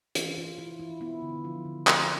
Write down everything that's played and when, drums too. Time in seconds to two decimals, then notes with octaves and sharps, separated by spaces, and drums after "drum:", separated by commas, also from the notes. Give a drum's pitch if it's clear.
0.15 E3 F4, drum: hi-hat
0.37 E3 F4
0.58 E3 E4
0.79 E3 E4
1.01 B3 E4
1.22 D3
1.44 F3 F4
1.65 D3
1.87 F3, drum: clap